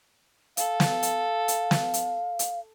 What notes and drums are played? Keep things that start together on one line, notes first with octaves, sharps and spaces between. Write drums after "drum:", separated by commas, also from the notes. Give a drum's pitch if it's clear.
A4 F5, drum: hi-hat
drum: snare
drum: hi-hat
drum: hi-hat
drum: snare
drum: hi-hat
drum: hi-hat